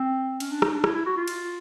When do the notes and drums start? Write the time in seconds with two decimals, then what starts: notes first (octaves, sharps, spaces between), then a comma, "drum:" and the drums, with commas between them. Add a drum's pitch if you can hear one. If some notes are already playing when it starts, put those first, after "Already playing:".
Already playing: C4
0.40 C#4, drum: cymbal
0.51 D4
0.62 D#4, drum: rim click
0.73 D4
0.84 E4, drum: rim click
0.95 E4
1.06 F#4
1.17 F4
1.28 drum: cymbal